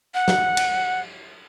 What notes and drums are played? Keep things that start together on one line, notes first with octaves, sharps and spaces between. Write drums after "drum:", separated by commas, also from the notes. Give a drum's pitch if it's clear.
F#5
drum: snare
drum: cymbal